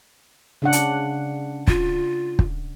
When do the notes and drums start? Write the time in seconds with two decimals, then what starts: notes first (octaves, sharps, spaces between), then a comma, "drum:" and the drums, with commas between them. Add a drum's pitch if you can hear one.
0.62 C#3 D4 F#5
0.73 drum: hi-hat
1.67 F4, drum: kick
2.39 drum: kick